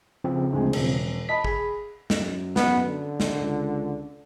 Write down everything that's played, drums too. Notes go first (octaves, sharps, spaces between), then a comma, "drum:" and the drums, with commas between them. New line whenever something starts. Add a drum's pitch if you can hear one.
C#3 F3 C4
D2 G#3
E1, drum: cymbal
D#5 A5 B5 B6
G#4 B5, drum: kick
F#2, drum: snare
B3, drum: snare
D3
drum: snare
C#2